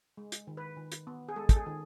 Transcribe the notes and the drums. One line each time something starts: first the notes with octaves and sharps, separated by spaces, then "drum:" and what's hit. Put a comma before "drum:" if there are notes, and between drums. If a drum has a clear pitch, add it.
G#3
drum: hi-hat
D#3
B4
D#3
drum: hi-hat
B3
G#4
G#3 A4
A4, drum: kick, hi-hat
G#4
D#3